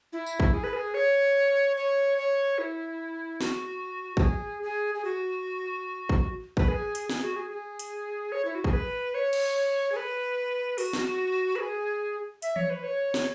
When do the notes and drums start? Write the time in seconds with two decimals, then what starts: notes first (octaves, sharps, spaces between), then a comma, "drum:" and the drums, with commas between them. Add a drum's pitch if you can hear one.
0.13 E4
0.26 drum: tambourine
0.40 drum: kick
0.54 G#4
0.64 B4
0.73 G#4
0.94 C#5
1.77 C#5
2.18 C#5
2.58 E4
3.41 F#4, drum: snare
4.17 F#4, drum: kick
4.22 G#4
4.63 G#4
4.95 G#4
5.05 F#4
6.09 drum: kick
6.57 B4, drum: kick
6.68 G#4
6.95 drum: hi-hat
7.10 G#4, drum: snare
7.23 F#4
7.36 G#4
7.51 G#4
7.79 drum: hi-hat
8.32 C#5
8.45 E4
8.55 F#4
8.64 G#4, drum: kick
8.73 B4
9.14 C#5
9.33 drum: cymbal
9.92 G#4
9.96 B4
10.78 F#4, drum: open hi-hat
10.93 drum: snare
11.56 B4
11.60 G#4
12.42 E5, drum: hi-hat
12.56 C#5, drum: tom E3
12.70 B4
12.84 C#5
13.14 drum: snare